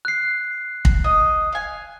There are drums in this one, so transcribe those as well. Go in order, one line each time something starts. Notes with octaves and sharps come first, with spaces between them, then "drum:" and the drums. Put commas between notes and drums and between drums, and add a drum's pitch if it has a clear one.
F#6 C7
drum: kick
D#5
F5 G#5